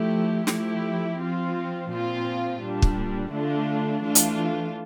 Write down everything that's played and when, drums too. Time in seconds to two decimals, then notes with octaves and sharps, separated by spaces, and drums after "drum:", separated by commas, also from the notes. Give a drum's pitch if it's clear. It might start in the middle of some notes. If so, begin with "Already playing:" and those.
Already playing: F3 A3 E4 G4
0.47 F3 A3 E4 G4, drum: snare
1.17 F3 C4 F4
1.89 A#2 F3 C4 F4
2.60 A#2 G3 D4
2.82 drum: kick
3.30 D3 A3 D4 F4
4.01 E3 A3 D4 F4
4.15 drum: hi-hat